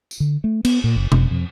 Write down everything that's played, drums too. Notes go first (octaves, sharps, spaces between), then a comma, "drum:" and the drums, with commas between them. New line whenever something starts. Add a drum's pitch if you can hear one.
drum: tambourine
D3
A3
B3, drum: cymbal
A#2
F#1
F1, drum: tom B2
F2